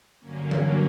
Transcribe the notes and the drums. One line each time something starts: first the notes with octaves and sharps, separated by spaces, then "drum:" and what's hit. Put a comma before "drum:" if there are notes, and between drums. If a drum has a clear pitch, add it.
G2 D3 F#3 A#3 C#4
drum: tom E3